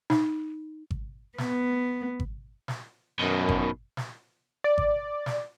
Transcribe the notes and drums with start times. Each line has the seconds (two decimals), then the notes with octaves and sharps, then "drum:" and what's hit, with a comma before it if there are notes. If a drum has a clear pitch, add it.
0.10 D#4, drum: snare
0.91 drum: kick G#1
1.38 B3, drum: snare
2.20 drum: kick G#1
2.68 drum: snare
3.19 F#2 B2 D#3
3.49 drum: kick G#1
3.97 drum: snare
4.64 D5
4.78 drum: kick G#1
5.26 drum: snare